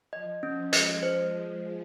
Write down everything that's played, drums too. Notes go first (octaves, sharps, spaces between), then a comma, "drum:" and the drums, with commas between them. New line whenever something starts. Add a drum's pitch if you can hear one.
F3 D#5
F3 C#4
G#3 D#5, drum: hi-hat
C5